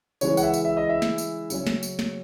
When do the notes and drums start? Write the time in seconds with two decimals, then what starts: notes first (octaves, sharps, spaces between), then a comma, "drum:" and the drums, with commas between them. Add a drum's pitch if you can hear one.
0.21 C#3 E3 G#3 C#5, drum: tambourine
0.37 F#5, drum: tambourine
0.43 E5
0.54 drum: tambourine
0.65 E5
0.77 D#5
0.89 E5
1.02 drum: snare
1.18 drum: tambourine
1.50 C#3 F#3 C#4, drum: tambourine
1.67 drum: snare
1.83 drum: tambourine
1.99 drum: snare